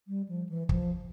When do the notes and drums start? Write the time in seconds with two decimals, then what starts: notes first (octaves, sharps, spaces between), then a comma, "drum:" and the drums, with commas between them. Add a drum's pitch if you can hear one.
0.08 G3
0.29 F3
0.49 E3
0.69 F3, drum: kick